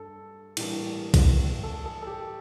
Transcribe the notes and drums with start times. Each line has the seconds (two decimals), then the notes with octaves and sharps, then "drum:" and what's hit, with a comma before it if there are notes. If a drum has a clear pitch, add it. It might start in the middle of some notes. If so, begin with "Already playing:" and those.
Already playing: G2 A4
0.57 A2 E3 G3 A#3 D4, drum: cymbal
1.14 drum: kick, cymbal
1.63 A4
1.85 A4
2.02 A4
2.07 G4